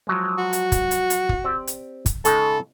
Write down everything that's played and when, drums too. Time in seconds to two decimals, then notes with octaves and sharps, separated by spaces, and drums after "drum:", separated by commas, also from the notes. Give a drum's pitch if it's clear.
0.07 F3 F#3 G#3
0.38 F#4
0.53 drum: hi-hat
0.72 drum: kick, hi-hat
0.91 drum: hi-hat
1.10 drum: hi-hat
1.29 drum: kick
1.44 C4 G4 D5
1.67 drum: hi-hat
2.06 drum: kick, hi-hat
2.25 C#3 G#3 D#4 A4, drum: hi-hat